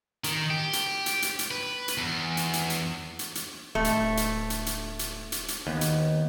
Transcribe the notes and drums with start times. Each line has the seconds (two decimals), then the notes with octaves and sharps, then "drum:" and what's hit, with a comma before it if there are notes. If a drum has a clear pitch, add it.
0.24 D#3, drum: hi-hat
0.50 G4
0.73 drum: hi-hat
1.06 drum: hi-hat
1.22 drum: hi-hat
1.39 drum: hi-hat
1.51 B4
1.88 drum: hi-hat
1.98 E2
2.37 drum: hi-hat
2.53 drum: hi-hat
2.70 drum: hi-hat
3.19 drum: hi-hat
3.35 drum: hi-hat
3.75 D1 A3
3.85 drum: hi-hat
4.17 drum: hi-hat
4.50 drum: hi-hat
4.66 drum: hi-hat
4.99 drum: hi-hat
5.32 drum: hi-hat
5.48 drum: hi-hat
5.67 D#2 B3
5.81 drum: hi-hat